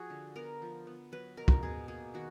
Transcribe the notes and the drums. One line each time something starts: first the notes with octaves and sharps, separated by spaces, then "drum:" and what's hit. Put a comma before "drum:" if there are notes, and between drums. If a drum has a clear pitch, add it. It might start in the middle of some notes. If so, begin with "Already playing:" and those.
Already playing: F3 F#4 G#4
D3
B3 A#4
F3
B3
F#3 B4
B2 A#4
drum: kick
B2 G#4
A#3 G#4
D#3 F#4